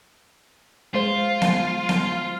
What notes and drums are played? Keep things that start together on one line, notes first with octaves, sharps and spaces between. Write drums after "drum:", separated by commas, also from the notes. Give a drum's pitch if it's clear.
G#3 F4 C5
drum: snare B3
drum: snare B3